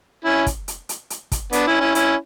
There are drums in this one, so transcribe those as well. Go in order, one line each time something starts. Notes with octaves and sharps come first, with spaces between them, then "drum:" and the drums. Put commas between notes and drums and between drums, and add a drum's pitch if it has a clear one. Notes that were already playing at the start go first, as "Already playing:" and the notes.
C#4 E4
drum: kick, hi-hat
drum: hi-hat
drum: hi-hat
drum: hi-hat
drum: kick, hi-hat
B3 D4, drum: hi-hat
C#4 E4
C#4 E4
C#4 E4, drum: hi-hat